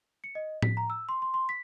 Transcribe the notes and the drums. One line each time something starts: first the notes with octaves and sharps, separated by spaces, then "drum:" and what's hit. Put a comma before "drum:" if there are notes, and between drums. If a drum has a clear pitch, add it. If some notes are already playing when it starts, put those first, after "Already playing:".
C#7
D#5
B6, drum: tom A2
A#5
E6
C6
C6
C6
B6